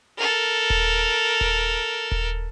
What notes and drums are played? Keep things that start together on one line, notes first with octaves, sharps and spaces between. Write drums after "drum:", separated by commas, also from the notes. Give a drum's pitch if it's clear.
A4 A#4
drum: kick D#1
drum: kick D#1
drum: kick D#1